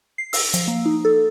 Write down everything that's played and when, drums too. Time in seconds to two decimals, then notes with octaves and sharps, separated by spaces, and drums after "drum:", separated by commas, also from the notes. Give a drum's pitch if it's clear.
0.18 C7
0.33 E6, drum: open hi-hat
0.54 F3, drum: hi-hat
0.68 A#3
0.85 D#4
1.05 A4